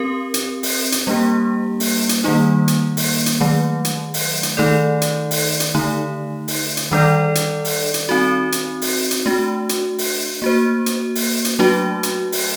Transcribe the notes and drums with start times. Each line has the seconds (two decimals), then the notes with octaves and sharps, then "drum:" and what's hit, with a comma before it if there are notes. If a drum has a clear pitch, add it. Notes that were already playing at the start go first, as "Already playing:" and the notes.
Already playing: C4 G4 A#4
0.34 drum: hi-hat
0.63 drum: open hi-hat
0.92 drum: hi-hat
1.07 G3 A#3 D4 G4
1.80 drum: open hi-hat
2.09 drum: hi-hat
2.24 D#3 G3 A#3 D#4
2.68 drum: hi-hat
2.97 drum: open hi-hat
3.26 drum: hi-hat
3.41 D#3 F#3 A3
3.85 drum: hi-hat
4.14 drum: open hi-hat
4.43 drum: hi-hat
4.57 D#3 A3 D#4 A4 D5
5.02 drum: hi-hat
5.31 drum: open hi-hat
5.60 drum: hi-hat
5.75 D3 A3 D#4
6.48 drum: open hi-hat
6.77 drum: hi-hat
6.91 D#3 G3 D4 A4 D5
7.35 drum: hi-hat
7.65 drum: open hi-hat
7.94 drum: hi-hat
8.09 C4 D#4 F#4
8.52 drum: hi-hat
8.82 drum: open hi-hat
9.11 drum: hi-hat
9.26 A3 D4 F#4
9.69 drum: hi-hat
9.98 drum: open hi-hat
10.42 A#3 F#4 C5
10.86 drum: hi-hat
11.15 drum: open hi-hat
11.45 drum: hi-hat
11.59 F#3 A3 D4 F#4
12.03 drum: hi-hat
12.32 drum: open hi-hat